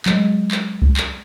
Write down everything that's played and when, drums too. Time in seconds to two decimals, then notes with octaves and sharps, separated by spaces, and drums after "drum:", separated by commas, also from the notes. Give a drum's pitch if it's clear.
0.06 F#3 G#3, drum: clap
0.51 drum: clap
0.82 drum: kick C2
0.97 drum: clap